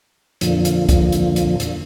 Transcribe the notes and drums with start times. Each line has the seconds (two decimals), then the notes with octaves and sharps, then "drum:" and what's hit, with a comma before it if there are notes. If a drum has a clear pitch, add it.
0.41 F2 A#2 D3 F3, drum: hi-hat
0.65 drum: hi-hat
0.89 drum: kick, hi-hat
1.12 drum: hi-hat
1.36 drum: hi-hat
1.60 drum: hi-hat